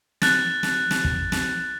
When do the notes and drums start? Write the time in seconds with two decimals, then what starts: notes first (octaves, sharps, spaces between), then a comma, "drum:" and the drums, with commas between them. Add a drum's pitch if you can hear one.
0.22 F#6 A6, drum: snare
0.63 drum: snare
0.91 drum: snare
1.04 drum: kick
1.32 drum: snare